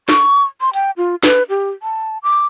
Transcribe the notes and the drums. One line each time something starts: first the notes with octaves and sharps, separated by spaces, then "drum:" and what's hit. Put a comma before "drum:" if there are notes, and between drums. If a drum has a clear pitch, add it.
C#6, drum: snare
C6
G5, drum: hi-hat
F4
B4, drum: snare
G4
A5
D6